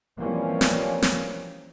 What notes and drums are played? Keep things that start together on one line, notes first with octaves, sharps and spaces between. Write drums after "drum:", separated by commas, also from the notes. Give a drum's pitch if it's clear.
E3 F3 G3 A#3 C4 C#4
drum: snare
drum: snare